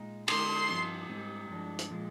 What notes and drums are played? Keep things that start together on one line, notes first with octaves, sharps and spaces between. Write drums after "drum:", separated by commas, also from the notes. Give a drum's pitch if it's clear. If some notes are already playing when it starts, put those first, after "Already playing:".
Already playing: A#2 G#3 D#4
D3 G#3 D4 C6, drum: cymbal
G2 F3 C4 D#4
G#2 G3 C4 D#4
G2 F3 G#3 D4
drum: hi-hat
A#2 F3 G#3